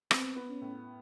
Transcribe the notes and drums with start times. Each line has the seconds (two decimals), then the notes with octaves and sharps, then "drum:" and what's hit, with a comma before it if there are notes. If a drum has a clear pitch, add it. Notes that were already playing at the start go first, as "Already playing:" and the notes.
0.11 B3 C4, drum: rim click
0.36 B3
0.49 C#4
0.61 A2